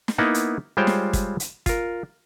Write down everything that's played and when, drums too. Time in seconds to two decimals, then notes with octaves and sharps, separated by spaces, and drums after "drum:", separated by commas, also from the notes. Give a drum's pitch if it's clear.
0.08 drum: snare
0.18 A#3 B3 D#4 E4 F#5
0.34 drum: hi-hat
0.77 G3 G#3 F4 C5 C#5 G5
0.87 drum: snare
1.13 drum: kick, hi-hat
1.40 drum: hi-hat
1.66 F4 A#4, drum: kick, hi-hat